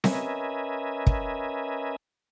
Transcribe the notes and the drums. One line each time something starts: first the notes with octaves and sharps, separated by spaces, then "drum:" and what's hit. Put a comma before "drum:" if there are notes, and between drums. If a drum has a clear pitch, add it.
C#4 A#4 B4 D#5 E5 G#5, drum: snare C4
drum: kick